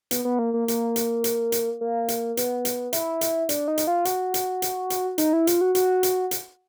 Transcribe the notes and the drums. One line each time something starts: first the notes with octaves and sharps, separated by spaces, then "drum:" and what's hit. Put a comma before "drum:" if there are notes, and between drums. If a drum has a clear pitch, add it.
B3, drum: hi-hat
B3
A#3
A#3
A#3, drum: hi-hat
drum: hi-hat
drum: hi-hat
drum: hi-hat
A#3
drum: hi-hat
B3, drum: hi-hat
drum: hi-hat
E4, drum: hi-hat
drum: hi-hat
D4, drum: hi-hat
D#4
drum: hi-hat
F4
F#4, drum: hi-hat
drum: hi-hat
drum: hi-hat
drum: hi-hat
D#4, drum: hi-hat
E4
F4, drum: hi-hat
F#4
F#4, drum: hi-hat
drum: hi-hat
drum: hi-hat